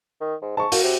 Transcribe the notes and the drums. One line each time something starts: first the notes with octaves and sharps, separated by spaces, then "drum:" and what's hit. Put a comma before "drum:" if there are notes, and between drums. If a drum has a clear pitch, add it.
D#3
G#2
G#2 A5 C#6
A#3 F#4, drum: open hi-hat
C3